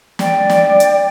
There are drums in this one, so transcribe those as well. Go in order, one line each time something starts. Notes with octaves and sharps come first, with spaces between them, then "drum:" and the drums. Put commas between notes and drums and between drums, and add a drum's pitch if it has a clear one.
D5 G5, drum: snare
drum: snare
drum: hi-hat